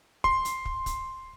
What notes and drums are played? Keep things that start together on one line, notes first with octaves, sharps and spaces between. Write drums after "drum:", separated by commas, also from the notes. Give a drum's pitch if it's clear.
C6, drum: kick
drum: hi-hat
drum: kick
drum: kick, hi-hat